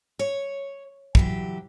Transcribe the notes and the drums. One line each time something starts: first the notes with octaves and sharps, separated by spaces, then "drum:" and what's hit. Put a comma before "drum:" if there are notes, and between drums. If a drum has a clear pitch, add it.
C#5
E3 F#3 G4, drum: kick